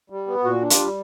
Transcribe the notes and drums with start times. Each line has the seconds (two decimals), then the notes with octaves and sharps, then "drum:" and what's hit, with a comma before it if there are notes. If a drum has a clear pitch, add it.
0.10 G3
0.27 B3
0.44 A#2 F#4
0.62 D4
0.70 F4 G4, drum: hi-hat
0.79 G3